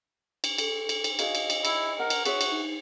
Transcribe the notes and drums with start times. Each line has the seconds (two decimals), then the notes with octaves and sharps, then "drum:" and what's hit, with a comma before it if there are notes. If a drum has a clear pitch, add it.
0.44 drum: cymbal
0.58 A4, drum: cymbal
0.89 drum: cymbal
1.04 drum: cymbal
1.19 F#4 G#4 D#5 F5, drum: cymbal
1.35 drum: cymbal
1.50 drum: cymbal
1.65 E4, drum: cymbal
2.00 A#4 F#5
2.10 drum: cymbal
2.26 F#4 G#4 C#5 E5, drum: cymbal
2.41 drum: cymbal
2.50 D#4